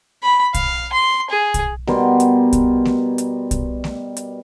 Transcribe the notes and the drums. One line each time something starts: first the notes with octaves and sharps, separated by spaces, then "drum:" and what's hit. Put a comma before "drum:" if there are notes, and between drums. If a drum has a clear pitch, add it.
B5
F5, drum: kick, hi-hat
C6
G#4
drum: kick, hi-hat
B2 G3 A#4 C6, drum: snare A3
drum: hi-hat
drum: kick, hi-hat
drum: snare A3
drum: hi-hat
drum: kick, hi-hat
drum: snare A3
drum: hi-hat